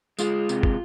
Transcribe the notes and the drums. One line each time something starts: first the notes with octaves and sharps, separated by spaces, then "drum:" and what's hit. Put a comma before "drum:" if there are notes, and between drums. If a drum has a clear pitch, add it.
G#3 F4, drum: tambourine
C3, drum: tambourine
drum: kick